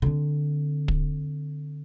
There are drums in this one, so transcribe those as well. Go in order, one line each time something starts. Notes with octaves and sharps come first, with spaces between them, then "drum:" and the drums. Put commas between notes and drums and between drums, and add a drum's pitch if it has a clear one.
D3 C4
drum: kick